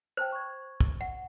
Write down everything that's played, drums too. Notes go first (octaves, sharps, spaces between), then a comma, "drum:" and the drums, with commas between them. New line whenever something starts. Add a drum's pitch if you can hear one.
C5 G5 A5 F6
C#6 G#6
drum: kick
F#5